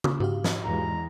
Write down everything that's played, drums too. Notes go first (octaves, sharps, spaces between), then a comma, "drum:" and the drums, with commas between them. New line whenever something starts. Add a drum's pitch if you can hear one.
drum: tom C#3
G#2 F#4 G4 F5
drum: snare
E2 E3 G#3 A#5